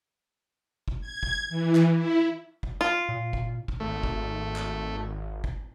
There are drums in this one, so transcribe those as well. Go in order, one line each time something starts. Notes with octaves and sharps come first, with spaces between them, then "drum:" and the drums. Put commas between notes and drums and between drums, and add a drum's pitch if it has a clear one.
drum: kick
G#6
drum: kick
E3
drum: clap
E4
drum: kick
F4
A#2
drum: kick
drum: kick
G#1 A3
drum: kick
drum: clap
drum: kick